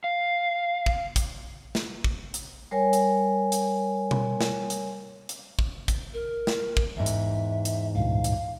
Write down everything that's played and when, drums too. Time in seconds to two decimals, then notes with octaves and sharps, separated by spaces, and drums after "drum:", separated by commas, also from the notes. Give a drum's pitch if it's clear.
0.04 F5
0.86 drum: kick
1.16 drum: kick, hi-hat
1.75 drum: snare
2.04 drum: kick
2.34 drum: hi-hat
2.71 G3 A#4 C#5 G#5
2.93 drum: hi-hat
3.52 drum: hi-hat
4.11 drum: tom B2
4.41 drum: snare
4.70 drum: hi-hat
5.29 drum: hi-hat
5.59 drum: kick
5.88 drum: kick, hi-hat
6.14 A#4
6.47 drum: snare
6.77 drum: kick
6.97 E2 G#2 E5
7.06 drum: hi-hat
7.65 drum: hi-hat
7.95 C#2 G2 A#2 F5
8.24 drum: hi-hat